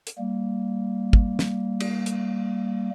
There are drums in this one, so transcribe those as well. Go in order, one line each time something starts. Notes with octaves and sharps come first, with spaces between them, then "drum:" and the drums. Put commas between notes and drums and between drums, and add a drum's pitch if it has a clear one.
drum: hi-hat
G3 A#3
drum: kick
drum: snare
drum: cymbal
drum: hi-hat